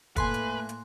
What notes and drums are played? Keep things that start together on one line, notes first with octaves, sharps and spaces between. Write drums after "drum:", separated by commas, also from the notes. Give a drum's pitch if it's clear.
A2 A3 A#3 B4 G#5 C6 F#6, drum: kick, hi-hat
drum: hi-hat
drum: hi-hat